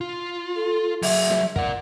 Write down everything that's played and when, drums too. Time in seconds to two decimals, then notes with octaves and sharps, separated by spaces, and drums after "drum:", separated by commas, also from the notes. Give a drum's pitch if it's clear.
0.01 F4
0.56 A4
1.02 F#3 G#4 E5, drum: open hi-hat
1.30 drum: snare
1.56 A#4 D5 F#5, drum: kick